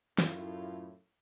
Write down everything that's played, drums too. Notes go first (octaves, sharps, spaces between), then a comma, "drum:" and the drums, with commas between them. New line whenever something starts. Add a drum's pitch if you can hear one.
F#2 A2 E4 F4, drum: snare